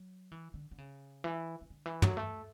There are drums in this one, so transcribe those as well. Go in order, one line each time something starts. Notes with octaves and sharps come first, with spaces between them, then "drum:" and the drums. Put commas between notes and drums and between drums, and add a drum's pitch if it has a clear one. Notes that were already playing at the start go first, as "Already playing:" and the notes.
Already playing: F#3
E3
D3
D3
C#3
E3
E3
D3
E3
F#3, drum: tom
A3